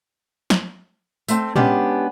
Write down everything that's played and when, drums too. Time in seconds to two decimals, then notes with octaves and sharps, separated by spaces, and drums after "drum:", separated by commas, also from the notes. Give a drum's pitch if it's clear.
0.50 drum: snare
1.28 A3 C4, drum: tambourine
1.56 G#3 B3 C#4 D4 G4, drum: tom